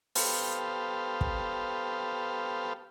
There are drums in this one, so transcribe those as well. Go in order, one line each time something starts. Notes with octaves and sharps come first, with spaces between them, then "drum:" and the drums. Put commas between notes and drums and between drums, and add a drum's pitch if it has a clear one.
B3 G4 A4 C5 F5, drum: open hi-hat
drum: kick